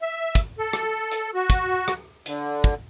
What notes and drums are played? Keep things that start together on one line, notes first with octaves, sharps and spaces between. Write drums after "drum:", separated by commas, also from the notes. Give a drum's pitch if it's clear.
E5
drum: kick, hi-hat
A4
drum: rim click
drum: hi-hat
F#4
drum: kick, hi-hat
drum: rim click
D3, drum: hi-hat
drum: kick